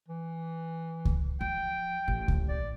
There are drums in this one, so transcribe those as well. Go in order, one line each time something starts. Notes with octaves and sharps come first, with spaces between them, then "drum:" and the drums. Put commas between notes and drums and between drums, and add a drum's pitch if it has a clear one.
E3
drum: kick C#2
F3 G5
A1
drum: kick C#2
D5